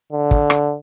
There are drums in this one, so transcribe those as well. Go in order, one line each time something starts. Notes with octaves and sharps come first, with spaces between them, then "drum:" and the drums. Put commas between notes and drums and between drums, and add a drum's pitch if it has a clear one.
D3
drum: kick
drum: rim click